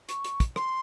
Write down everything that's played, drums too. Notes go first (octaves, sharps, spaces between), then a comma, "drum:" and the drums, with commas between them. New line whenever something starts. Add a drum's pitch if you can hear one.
C#6, drum: hi-hat
drum: hi-hat
drum: kick, hi-hat
C6, drum: rim click